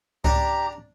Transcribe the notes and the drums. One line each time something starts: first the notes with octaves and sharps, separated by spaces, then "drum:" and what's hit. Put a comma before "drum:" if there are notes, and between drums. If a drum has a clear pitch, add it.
D4 G4 A#5, drum: kick C#2